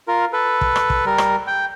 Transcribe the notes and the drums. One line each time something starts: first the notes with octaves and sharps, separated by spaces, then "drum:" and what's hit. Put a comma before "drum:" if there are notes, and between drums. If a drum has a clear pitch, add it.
F4 A#4
A4 B4
drum: kick
drum: rim click
drum: kick
G3 A#4
drum: rim click
G5